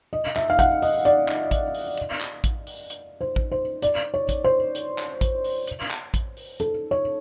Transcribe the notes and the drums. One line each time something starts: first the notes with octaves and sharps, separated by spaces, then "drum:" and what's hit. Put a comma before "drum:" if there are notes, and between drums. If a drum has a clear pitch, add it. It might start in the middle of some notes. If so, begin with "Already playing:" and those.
D#5
E5, drum: clap
F5
F#5, drum: kick A1, hi-hat
D#5, drum: open hi-hat
D5, drum: hi-hat
drum: clap
drum: kick A1, hi-hat
drum: open hi-hat
drum: hi-hat
drum: clap
drum: kick A1, hi-hat
drum: open hi-hat
drum: hi-hat
C5
drum: kick A1
C5
D5, drum: hi-hat
C#5
drum: kick A1, hi-hat
C5
drum: hi-hat
drum: clap
drum: kick A1, hi-hat
drum: open hi-hat
drum: hi-hat
drum: clap
drum: kick A1, hi-hat
drum: open hi-hat
A4, drum: hi-hat
C#5